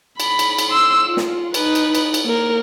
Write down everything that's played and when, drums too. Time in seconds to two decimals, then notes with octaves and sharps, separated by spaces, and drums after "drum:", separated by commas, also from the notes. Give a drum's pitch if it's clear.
0.20 B5, drum: cymbal
0.39 drum: cymbal
0.59 drum: cymbal
0.70 C6 E6
1.06 F4
1.17 drum: snare
1.54 D#4 B4, drum: cymbal
1.75 drum: cymbal
1.95 drum: cymbal
2.14 drum: cymbal
2.25 A#3 A#4